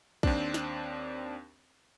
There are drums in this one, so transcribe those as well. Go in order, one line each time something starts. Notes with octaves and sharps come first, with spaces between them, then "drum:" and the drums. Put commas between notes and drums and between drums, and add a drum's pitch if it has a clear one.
D#2 C4 D4, drum: kick A#1
drum: snare